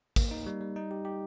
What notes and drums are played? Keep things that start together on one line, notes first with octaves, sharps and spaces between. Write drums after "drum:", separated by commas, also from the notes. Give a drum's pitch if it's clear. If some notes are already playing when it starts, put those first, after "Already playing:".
A#3, drum: kick, tambourine
D#4
G3
G3
D#4
G4
G4